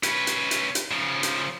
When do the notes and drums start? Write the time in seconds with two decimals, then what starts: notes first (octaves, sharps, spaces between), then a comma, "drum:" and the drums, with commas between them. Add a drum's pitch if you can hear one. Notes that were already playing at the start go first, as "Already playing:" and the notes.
0.03 C#4 B4, drum: hi-hat
0.27 drum: hi-hat
0.51 drum: hi-hat
0.75 drum: hi-hat
0.92 C#3 F3
1.23 drum: hi-hat